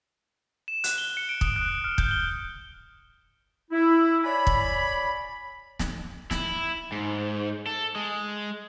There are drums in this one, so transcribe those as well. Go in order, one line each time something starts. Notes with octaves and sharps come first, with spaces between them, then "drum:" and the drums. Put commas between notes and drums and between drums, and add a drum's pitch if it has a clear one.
E7
F#6, drum: hi-hat
G7
C#7
D7
D#6, drum: kick
F#6
F6
G6, drum: kick
G7
E4
C#5 D5 G#5 B5
drum: kick
drum: snare
E4, drum: snare
G#2
A4
G#3